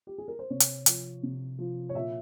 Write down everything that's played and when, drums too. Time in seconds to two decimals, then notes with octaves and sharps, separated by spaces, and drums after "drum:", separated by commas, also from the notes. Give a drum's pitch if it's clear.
0.07 G4
0.18 G#4
0.28 A#4
0.39 C5
0.50 C3 C#5
0.60 drum: hi-hat
0.86 F3, drum: hi-hat
1.23 C3
1.58 F3
1.89 C#5
1.95 A#2 E5